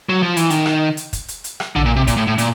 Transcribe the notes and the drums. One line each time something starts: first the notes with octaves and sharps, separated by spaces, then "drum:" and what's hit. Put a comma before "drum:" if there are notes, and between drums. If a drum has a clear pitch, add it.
F#3
F3
E3, drum: hi-hat
D#3, drum: hi-hat
drum: rim click
drum: hi-hat
drum: kick, hi-hat
drum: hi-hat
drum: hi-hat
drum: rim click
D3, drum: tom A#1
A#2
C3
A#2, drum: kick, hi-hat
A2
A2
A#2, drum: hi-hat